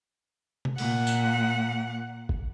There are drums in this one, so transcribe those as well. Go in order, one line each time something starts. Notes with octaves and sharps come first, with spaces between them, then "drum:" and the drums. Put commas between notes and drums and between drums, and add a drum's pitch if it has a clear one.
drum: tom C3
A#2 F#5, drum: open hi-hat
drum: tambourine
drum: kick